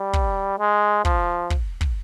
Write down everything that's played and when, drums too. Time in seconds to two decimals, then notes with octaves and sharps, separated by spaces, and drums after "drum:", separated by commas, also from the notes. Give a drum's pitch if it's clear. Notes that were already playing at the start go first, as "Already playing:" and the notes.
Already playing: G3
0.13 drum: kick
0.59 G#3
1.05 F3, drum: kick
1.50 drum: kick
1.81 drum: kick